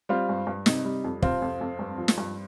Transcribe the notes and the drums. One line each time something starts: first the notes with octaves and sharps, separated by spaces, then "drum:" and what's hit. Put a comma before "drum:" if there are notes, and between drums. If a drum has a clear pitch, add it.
G3 C4 F4
G2
G2
C3 D#4, drum: snare
G3
F2
C3 C4 F4, drum: kick
F2
F2
G2
F3
drum: snare
G2